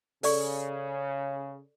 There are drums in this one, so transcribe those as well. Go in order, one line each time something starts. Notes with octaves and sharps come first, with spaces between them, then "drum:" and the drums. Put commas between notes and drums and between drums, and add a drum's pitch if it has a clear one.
C#3 A4 D5 C#6, drum: open hi-hat